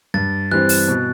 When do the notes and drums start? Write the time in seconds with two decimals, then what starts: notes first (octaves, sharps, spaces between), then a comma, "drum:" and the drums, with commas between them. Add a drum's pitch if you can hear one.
0.14 G2 A6
0.51 E3 G3 C4 F#6
0.69 drum: open hi-hat
0.88 B2